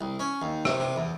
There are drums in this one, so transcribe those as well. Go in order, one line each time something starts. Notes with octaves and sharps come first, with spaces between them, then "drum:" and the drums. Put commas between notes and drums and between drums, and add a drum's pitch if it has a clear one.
C2
C#4
D#2
C3, drum: rim click
C3
E2